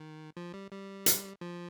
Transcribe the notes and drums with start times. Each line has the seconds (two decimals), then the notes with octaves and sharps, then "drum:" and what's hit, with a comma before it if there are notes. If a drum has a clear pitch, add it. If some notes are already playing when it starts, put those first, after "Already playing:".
Already playing: D#3
0.37 F3
0.54 G3
0.71 G3
1.06 drum: hi-hat
1.41 F3